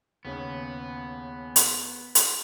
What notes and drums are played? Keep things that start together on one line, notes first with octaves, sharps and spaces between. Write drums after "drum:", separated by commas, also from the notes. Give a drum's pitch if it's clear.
D#2 C#3 B3 C#4
drum: hi-hat
drum: hi-hat